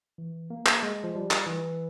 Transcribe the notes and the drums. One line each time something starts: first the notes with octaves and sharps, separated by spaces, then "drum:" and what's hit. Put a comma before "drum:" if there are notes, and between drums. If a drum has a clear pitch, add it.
E3
A#3
drum: clap
G#3
F3
G3
drum: clap
E3